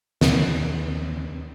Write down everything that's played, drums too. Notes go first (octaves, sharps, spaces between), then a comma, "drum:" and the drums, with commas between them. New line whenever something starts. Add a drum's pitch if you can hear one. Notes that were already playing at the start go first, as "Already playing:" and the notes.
D#2, drum: snare